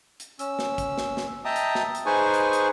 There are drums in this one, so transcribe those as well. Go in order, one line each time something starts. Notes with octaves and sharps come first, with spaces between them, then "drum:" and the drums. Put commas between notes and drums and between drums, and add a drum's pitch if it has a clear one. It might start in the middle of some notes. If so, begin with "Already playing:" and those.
drum: hi-hat
C#4 E6, drum: hi-hat
drum: snare
drum: kick, hi-hat
drum: snare
drum: snare
D#5 E5 G5 A5 A#5 D#6
drum: hi-hat
drum: snare
drum: hi-hat
D#4 G#4 B4 C5 G#5 C#6
drum: hi-hat
drum: hi-hat